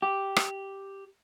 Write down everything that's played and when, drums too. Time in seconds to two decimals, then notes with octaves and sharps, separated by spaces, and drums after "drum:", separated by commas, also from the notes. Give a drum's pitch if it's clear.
0.02 G4
0.36 drum: rim click